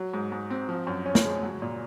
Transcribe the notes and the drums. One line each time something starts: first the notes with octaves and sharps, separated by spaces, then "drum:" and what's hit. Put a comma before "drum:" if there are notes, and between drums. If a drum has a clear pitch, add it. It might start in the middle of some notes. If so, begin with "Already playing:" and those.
Already playing: F#3
G#2
G#2
C4
F3
F#2
C#4
drum: snare
G#3
F#3
A#2